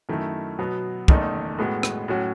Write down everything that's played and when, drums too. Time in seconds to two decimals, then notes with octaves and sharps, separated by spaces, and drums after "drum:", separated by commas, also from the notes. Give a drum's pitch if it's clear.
0.09 F#2 D#3 A3 E4
0.59 B2 F#3 B3
1.08 F#1 E2 D#3 A3 D#4, drum: kick
1.59 A2 G#3 B3 F#4
1.83 drum: rim click
2.08 A2 F#3 C#4 F#4